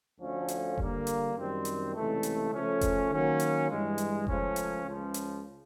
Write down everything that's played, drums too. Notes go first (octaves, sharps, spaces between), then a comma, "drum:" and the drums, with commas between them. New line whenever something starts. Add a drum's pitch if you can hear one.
D2 D3 F3 A3 C#4
drum: hi-hat
D3 G3 A#3, drum: kick F1
drum: hi-hat
F#2 D#3 G3 C4
drum: hi-hat
C#2 C3 E3 A3
drum: hi-hat
C#3 F3 A3 C#4
drum: kick F1, hi-hat
D#3 F#3 A#3 C#4
drum: hi-hat
G2 E3 G#3
drum: hi-hat
C#2 C#3 F3 A3 C#4, drum: kick F1
drum: hi-hat
C#2 C#3 F3
drum: hi-hat